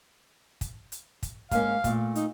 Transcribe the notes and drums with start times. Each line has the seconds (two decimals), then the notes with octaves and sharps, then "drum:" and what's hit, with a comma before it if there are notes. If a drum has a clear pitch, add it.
0.61 drum: kick, hi-hat
0.92 drum: hi-hat
1.23 drum: kick, hi-hat
1.51 G#2 A#3 C#4 F5, drum: kick, hi-hat
1.84 A#2 A3, drum: kick, hi-hat
2.15 D#4, drum: hi-hat